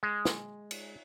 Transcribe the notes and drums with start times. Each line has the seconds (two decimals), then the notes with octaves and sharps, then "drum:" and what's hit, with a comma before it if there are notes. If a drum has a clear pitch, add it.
0.03 G#3
0.25 drum: snare
0.71 drum: cymbal